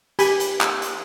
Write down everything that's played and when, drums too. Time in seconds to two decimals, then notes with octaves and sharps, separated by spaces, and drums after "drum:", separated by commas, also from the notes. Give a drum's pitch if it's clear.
0.19 G4 G#5 B5, drum: hi-hat
0.40 drum: hi-hat
0.61 drum: clap
0.82 drum: hi-hat